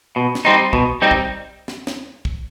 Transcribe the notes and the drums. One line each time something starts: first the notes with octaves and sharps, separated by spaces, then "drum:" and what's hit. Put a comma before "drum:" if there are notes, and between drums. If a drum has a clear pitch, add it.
B2
drum: snare
G3 C4 D#4
B2, drum: kick
G3 C4 D#4
drum: kick
drum: snare
drum: snare
drum: kick